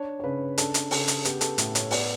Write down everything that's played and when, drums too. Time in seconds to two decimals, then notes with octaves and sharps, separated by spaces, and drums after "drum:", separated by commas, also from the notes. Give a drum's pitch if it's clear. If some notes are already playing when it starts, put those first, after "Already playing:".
Already playing: D4 C#5
0.20 C#5
0.24 C#3 B4
0.58 D4 A4, drum: hi-hat
0.74 drum: hi-hat
0.91 C#3 A4, drum: open hi-hat
1.08 drum: hi-hat
1.25 B3 G4, drum: hi-hat
1.41 A4, drum: hi-hat
1.58 A2, drum: hi-hat
1.75 C#5, drum: hi-hat
1.91 B3 D5, drum: open hi-hat